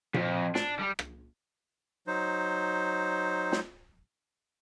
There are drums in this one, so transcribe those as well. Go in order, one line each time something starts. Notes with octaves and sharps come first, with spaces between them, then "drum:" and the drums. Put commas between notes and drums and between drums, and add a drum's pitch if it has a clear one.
F2, drum: tom A#2
D4, drum: snare
G3
drum: rim click
F#3 D#4 C5
drum: snare